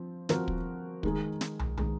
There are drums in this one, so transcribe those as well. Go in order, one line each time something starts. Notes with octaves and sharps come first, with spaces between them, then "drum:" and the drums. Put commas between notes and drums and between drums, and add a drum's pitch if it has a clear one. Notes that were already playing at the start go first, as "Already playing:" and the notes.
Already playing: F3 C4
F3 C4 F#4 A#4, drum: snare
drum: kick
D#3 G#3 D#4 G#4, drum: kick
drum: snare
drum: tom
D#3 G#3 D#4 G#4, drum: tom